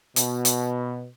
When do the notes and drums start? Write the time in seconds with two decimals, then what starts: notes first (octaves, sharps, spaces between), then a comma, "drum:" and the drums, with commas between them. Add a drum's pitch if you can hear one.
0.16 B2, drum: hi-hat
0.45 drum: hi-hat